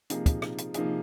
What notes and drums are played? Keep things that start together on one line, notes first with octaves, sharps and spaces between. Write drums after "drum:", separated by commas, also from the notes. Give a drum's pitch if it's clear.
C3 F3 A#3 D#4 G#4, drum: hi-hat
drum: kick, hi-hat
drum: rim click
drum: hi-hat
C3 F3 A#3 D#4 G#4, drum: hi-hat